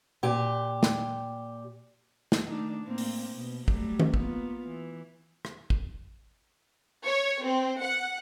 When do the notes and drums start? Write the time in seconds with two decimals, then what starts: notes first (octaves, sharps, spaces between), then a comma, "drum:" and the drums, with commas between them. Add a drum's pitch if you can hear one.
0.23 A#2 G4
0.83 drum: snare
2.32 drum: snare
2.46 D#3 A3 D4
2.84 A2 A#3 C4
2.98 drum: open hi-hat
3.34 B2
3.68 F#3 G3 A3, drum: kick
3.99 drum: tom D#3
4.14 A#3 B3 F4, drum: kick
4.68 E3
5.45 drum: rim click
5.70 drum: kick
7.06 C#5
7.44 C4
7.81 F#5